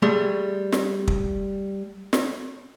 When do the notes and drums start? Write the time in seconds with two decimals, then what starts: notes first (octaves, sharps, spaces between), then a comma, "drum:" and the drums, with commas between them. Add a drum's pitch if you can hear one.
0.02 G3 A3 G#4 C6
0.72 drum: snare
1.08 drum: kick
2.13 drum: snare